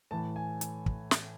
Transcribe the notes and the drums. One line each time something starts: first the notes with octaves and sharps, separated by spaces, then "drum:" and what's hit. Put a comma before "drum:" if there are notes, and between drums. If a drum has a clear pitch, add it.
A2 E3 A5
G#5
drum: hi-hat
drum: kick
drum: snare